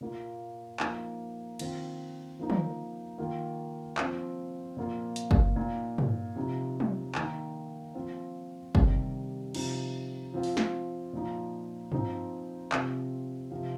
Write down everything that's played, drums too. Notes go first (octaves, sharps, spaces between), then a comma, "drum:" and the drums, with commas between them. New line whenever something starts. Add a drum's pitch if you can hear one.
A#2 A#3 F4
F3 A#3 D#4, drum: clap
D#3 C4 F4, drum: cymbal
F3 A#3 D#4
drum: tom
D#3 A#3 F4
F3 C4 F4, drum: clap
A#2 F3 A#3 F4
drum: hi-hat
drum: kick
A#2 A#3 D#4
drum: tom
C3 F3 D#4
drum: tom
D#3 A#3 D#4, drum: clap
F3 C4 F4
C3 D#3 G3, drum: kick
C3 F3 D#4, drum: cymbal
F3 C4 F4
drum: open hi-hat
drum: snare
A#2 F3 D#4
F3 C4 D#4, drum: tom
C3 F3 C4, drum: clap
C3 F3 C4 F4